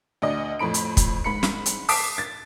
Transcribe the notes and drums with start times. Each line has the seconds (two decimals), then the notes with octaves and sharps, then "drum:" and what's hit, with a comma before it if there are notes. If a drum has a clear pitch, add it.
0.22 D2 D4 D#5
0.59 F2 A2 B5 D7
0.74 drum: hi-hat
0.97 drum: kick, hi-hat
1.24 G#2 B5 C#7
1.43 drum: snare
1.66 drum: hi-hat
1.89 A5 D6 D#6 B6 C7 D7, drum: open hi-hat
2.18 A6